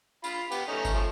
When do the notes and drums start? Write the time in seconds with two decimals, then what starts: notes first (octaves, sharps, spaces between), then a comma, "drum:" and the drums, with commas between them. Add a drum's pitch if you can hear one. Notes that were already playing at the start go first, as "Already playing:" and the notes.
0.24 F4 B5, drum: tambourine
0.52 B3 G4, drum: tambourine
0.68 A3 C#4 D#4
0.85 drum: kick G1, tambourine
0.94 F3 A3